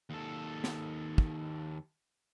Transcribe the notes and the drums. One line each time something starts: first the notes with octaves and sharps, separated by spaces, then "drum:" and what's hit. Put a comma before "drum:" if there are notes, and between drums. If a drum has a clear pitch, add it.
D#2 A4
drum: snare
drum: kick